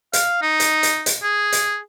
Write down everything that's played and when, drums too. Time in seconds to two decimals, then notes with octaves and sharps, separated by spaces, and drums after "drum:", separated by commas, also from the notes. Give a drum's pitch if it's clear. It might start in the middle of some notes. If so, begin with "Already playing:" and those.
0.13 F5, drum: hi-hat
0.42 D#4
0.60 drum: hi-hat
0.83 drum: hi-hat
1.06 drum: hi-hat
1.22 G#4
1.52 drum: hi-hat